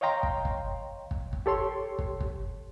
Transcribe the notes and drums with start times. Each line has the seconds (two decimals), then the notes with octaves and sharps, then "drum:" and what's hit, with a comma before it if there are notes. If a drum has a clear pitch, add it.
0.01 C#5 D#5 F5 G5 A#5 C6
0.23 drum: kick
0.45 drum: kick
1.11 drum: kick
1.33 drum: kick
1.46 G4 A4 C#5 C6
1.99 drum: kick
2.20 drum: kick